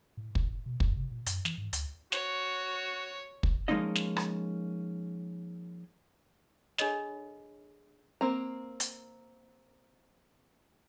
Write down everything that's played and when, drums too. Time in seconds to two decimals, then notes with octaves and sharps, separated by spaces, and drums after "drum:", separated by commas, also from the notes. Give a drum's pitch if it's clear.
0.17 A2
0.35 A2, drum: kick
0.66 B2
0.80 F#2, drum: kick
0.96 C3
1.11 A#2
1.26 F#2, drum: hi-hat
1.45 E3, drum: snare
1.58 G#2
1.73 D2, drum: hi-hat
2.12 F#4 C#5, drum: snare
3.43 drum: kick
3.68 F3 G#3 A#3 C#4 D#4 D#5
3.95 drum: snare
4.16 drum: rim click
6.78 D4 G#4 A4 C#5 D#5 B5, drum: snare
8.21 A#3 C4 A#5
8.80 drum: hi-hat